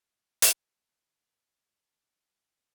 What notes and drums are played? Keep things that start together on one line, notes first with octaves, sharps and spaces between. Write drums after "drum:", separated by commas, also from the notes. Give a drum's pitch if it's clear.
D#5 E6
drum: hi-hat
C5
A5
D4 B4 G5